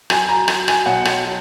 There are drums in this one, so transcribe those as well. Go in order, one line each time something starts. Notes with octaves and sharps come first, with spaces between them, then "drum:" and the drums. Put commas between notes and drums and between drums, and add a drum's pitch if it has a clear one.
F#3 G#5, drum: rim click
A#5
F#3, drum: rim click
G#5, drum: rim click
B1 F#5
drum: rim click
F#3